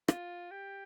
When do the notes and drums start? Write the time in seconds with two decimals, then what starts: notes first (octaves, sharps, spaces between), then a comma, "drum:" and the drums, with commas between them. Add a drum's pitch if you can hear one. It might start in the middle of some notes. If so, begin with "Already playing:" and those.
0.08 F4, drum: rim click
0.51 G4